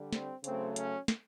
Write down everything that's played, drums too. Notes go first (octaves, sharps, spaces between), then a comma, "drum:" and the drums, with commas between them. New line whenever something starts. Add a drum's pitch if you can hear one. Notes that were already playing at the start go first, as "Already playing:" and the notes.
Already playing: D3 G3
C4, drum: snare
C#3 F#3 A3 C4, drum: hi-hat
C#4, drum: hi-hat
drum: snare